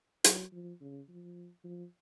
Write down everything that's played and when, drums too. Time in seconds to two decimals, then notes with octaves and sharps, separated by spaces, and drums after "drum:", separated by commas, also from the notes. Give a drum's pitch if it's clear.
0.24 F#3, drum: hi-hat
0.52 F3
0.81 C#3
1.09 F3
1.65 F3